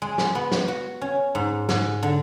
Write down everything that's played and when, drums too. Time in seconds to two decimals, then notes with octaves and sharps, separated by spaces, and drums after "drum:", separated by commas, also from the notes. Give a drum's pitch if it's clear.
0.02 G#3
0.18 drum: snare
0.35 B3
0.52 drum: snare
0.68 F#4
1.01 C#4
1.35 G#2
1.69 G#2, drum: snare
2.03 D3